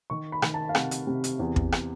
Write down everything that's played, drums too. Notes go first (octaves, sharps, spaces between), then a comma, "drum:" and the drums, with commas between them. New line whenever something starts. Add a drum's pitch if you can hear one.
D#3 C#6
B5
D#3, drum: rim click
A5
F5
C3 F#5, drum: rim click
drum: hi-hat
C3
drum: hi-hat
E2
drum: kick
drum: rim click